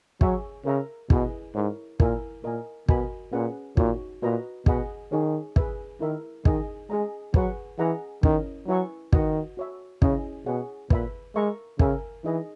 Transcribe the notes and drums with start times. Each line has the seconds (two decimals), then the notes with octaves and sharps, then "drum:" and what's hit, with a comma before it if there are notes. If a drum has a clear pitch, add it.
0.21 F#3 G#4 C#5 E5 G#5 C#6, drum: kick
0.65 C#3 A#4 E5 A#5
1.10 B2 E4 G#4 B4 D#5, drum: kick
1.55 G#2 E4 A#4 C#5
2.00 A#2 E4 A#4 E5 G#5, drum: kick
2.44 A#2 A#4 D#5 G#5
2.89 B2 F#4 A#4 D#5 G#5 B5, drum: kick
3.33 A#2 C#4 G#4 B4 F#5
3.77 A#2 D#4 F#4 C#5, drum: kick
4.22 A#2 F#4 B4 D#5 A#5
4.66 B2 G#4 D#5 F#5 B5, drum: kick
5.12 D#3 D#4 G#4 C#5
5.56 G#4 B4 E5, drum: kick
6.00 D#3 E4 A#4 E5
6.45 D#3 D#4 G#4 D#5, drum: kick
6.90 G#3 G#4 D#5 A#5
7.34 F#3 G#4 B4 F#5 C#6, drum: kick
7.78 E3 G#4 D#5 F#5 A#5
8.23 D#3 C#4 E4 A#4 D#5, drum: kick
8.68 F#3 E4 B4 E5 G#5 C#6
9.13 D#3 F#4 B4 D#5 F#5, drum: kick
9.57 F#4 C#5 E5
10.02 C#3 C#4 E4 G#4 D#5, drum: kick
10.46 B2 G#4 C#5 F#5
10.90 A#2 B4 E5 B5, drum: kick
11.35 G#3 A#4 E5 A#5 C#6
11.79 C#3 A#4 E5 G#5, drum: kick
12.25 E3 D#4 G#4 D#5